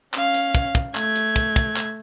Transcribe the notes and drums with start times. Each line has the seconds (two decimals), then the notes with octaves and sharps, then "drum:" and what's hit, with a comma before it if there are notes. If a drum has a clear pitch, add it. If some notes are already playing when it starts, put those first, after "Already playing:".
0.14 C#4 F5, drum: clap
0.34 drum: hi-hat
0.55 drum: kick, hi-hat
0.75 drum: kick, hi-hat
0.95 A3 G#6, drum: clap
1.16 drum: hi-hat
1.36 drum: kick, hi-hat
1.56 drum: kick, hi-hat
1.76 drum: clap